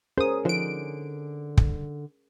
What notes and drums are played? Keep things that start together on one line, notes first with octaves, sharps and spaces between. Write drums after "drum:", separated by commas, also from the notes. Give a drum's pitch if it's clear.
C#4 G#4 A#4 C5 D#6
D3 F3 D#4 C5 D7
drum: kick